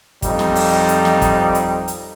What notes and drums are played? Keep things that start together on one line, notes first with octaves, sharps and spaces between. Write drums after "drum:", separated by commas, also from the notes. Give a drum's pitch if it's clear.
F2 G3 D#4, drum: kick, hi-hat
drum: snare
drum: open hi-hat
drum: hi-hat
drum: snare
drum: kick, hi-hat
drum: hi-hat
drum: hi-hat